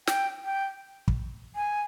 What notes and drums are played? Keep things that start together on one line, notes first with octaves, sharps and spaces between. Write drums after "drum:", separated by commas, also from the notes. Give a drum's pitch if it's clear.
G5, drum: snare
G5
drum: kick
G#5